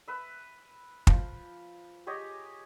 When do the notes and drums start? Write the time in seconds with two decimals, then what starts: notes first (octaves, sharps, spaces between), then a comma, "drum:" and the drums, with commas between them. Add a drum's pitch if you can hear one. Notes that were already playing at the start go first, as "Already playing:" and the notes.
0.08 B4 E5
1.07 F3, drum: kick
2.07 G#3 G4 C#5 D#5